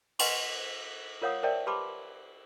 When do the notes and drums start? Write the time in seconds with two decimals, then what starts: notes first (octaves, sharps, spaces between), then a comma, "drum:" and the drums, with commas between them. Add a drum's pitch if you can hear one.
0.19 B4 D#5 F#5 G#5 C6 C#6, drum: cymbal
1.22 F4 A#4 C#5 F5 F#5 D#6
1.43 A#4 C5 D5 E5 G5 A5
1.67 G4 B4 A5 B5 C6 D6